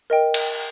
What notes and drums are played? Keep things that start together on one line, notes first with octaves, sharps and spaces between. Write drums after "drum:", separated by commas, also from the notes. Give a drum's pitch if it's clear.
A#4 D#5 G5
drum: cymbal